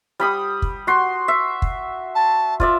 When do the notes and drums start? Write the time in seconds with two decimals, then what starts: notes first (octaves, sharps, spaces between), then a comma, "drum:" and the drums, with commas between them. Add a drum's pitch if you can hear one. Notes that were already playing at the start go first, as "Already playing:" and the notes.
0.20 G3 B5 D#6
0.62 drum: kick
0.87 F#4 C6
1.28 E5
1.62 drum: kick
2.15 A5
2.60 F4 D5 E5, drum: kick